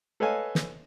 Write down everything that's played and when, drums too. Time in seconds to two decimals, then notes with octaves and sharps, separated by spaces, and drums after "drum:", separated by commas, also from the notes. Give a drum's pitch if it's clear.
0.20 A4 B4 C#5 D#5 F5 G#5
0.55 drum: snare